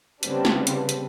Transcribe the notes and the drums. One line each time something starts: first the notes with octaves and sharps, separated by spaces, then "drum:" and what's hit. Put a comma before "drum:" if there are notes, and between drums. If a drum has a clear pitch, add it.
C#3 G3 B3 C4 D4, drum: hi-hat
drum: snare
drum: hi-hat
drum: hi-hat